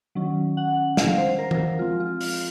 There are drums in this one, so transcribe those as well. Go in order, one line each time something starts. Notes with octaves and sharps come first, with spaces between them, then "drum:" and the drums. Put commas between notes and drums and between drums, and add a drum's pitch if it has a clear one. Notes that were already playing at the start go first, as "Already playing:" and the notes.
D#3 F#3 C#4
F#5
F5, drum: snare
C5
A#4
drum: tom E3
F3 G#3 C4 F4
F4
F4, drum: open hi-hat